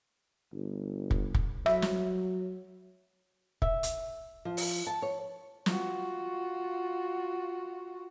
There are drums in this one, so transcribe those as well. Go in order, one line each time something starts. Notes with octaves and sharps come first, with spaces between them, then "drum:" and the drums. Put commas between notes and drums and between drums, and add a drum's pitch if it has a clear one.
G1
drum: kick
drum: kick
F#3 E5, drum: rim click
drum: snare
E5, drum: kick
drum: hi-hat
F3
drum: open hi-hat
A5
C#5
F4 F#4, drum: snare